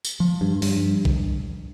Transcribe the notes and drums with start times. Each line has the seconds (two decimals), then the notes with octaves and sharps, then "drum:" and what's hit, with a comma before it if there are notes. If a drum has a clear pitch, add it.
0.05 drum: tambourine
0.20 F3
0.41 G2
0.62 G2, drum: open hi-hat
1.05 drum: kick